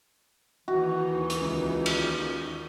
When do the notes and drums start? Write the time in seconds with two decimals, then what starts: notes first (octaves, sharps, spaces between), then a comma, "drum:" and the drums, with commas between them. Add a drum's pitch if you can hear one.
0.68 D#2 D#3 E3 D#4 F#4
1.30 drum: hi-hat
1.41 C#2
1.86 drum: cymbal